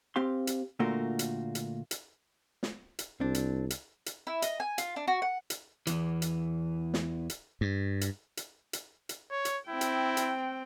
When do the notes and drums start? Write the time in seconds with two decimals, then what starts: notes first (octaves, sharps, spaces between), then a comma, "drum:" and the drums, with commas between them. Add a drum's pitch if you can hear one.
0.16 C4 G4 F5 C6
0.47 drum: hi-hat
0.79 A#2 D3 A3 F4 F#4 A#4
1.19 drum: hi-hat
1.55 drum: hi-hat
1.91 drum: hi-hat
2.63 drum: snare
2.99 drum: hi-hat
3.20 C2 C4 D4
3.35 drum: hi-hat
3.70 drum: hi-hat
4.06 drum: hi-hat
4.27 E4
4.42 D#5, drum: hi-hat
4.60 G#5
4.78 F4, drum: hi-hat
4.96 D4
5.08 F#4
5.22 F#5
5.50 drum: hi-hat
5.87 E2 E3, drum: hi-hat
6.22 drum: hi-hat
6.94 drum: snare
7.30 drum: hi-hat
7.61 G2
8.01 drum: hi-hat
8.37 drum: hi-hat
8.73 drum: hi-hat
9.09 drum: hi-hat
9.31 C#5
9.45 drum: hi-hat
9.69 C4 E4 G5
9.81 drum: hi-hat
10.17 drum: hi-hat